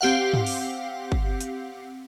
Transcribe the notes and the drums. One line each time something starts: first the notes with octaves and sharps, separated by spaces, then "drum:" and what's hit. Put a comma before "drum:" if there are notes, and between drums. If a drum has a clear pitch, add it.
C4 G4 F5 F#5
drum: tom
drum: open hi-hat
drum: kick G1
drum: hi-hat